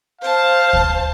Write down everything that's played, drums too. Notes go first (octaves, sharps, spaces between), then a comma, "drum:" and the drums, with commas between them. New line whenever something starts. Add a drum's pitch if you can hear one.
C5 F5 A5
drum: kick